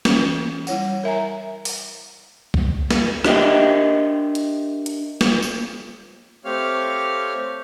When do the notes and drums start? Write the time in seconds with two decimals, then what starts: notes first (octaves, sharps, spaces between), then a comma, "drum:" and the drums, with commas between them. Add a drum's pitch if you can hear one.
0.05 E3 C#4, drum: snare
0.67 G3 E4 C#5 F#5, drum: tambourine
1.04 A#4 E5 G#5 A#5
1.65 drum: open hi-hat
2.54 drum: kick
2.91 drum: snare
3.25 D4 G4 A#4 D#5 E5 G5, drum: rim click
4.35 drum: hi-hat
4.86 drum: hi-hat
5.21 drum: snare
5.42 drum: tambourine
6.45 A3 C4 G4 C#5 F5 F6